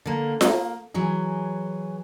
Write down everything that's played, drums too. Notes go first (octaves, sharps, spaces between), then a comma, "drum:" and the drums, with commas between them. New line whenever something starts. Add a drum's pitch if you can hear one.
D3 A#3
A#3, drum: snare F4
E3 F#3 G#4